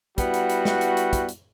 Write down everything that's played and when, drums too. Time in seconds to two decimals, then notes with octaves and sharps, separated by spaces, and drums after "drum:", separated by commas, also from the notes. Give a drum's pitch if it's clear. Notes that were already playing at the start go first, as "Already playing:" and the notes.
0.18 G3 B3 E4 F#4, drum: kick, hi-hat
0.34 drum: hi-hat
0.50 drum: hi-hat
0.65 drum: snare
0.81 drum: hi-hat
0.97 drum: hi-hat
1.13 drum: kick, hi-hat
1.29 drum: hi-hat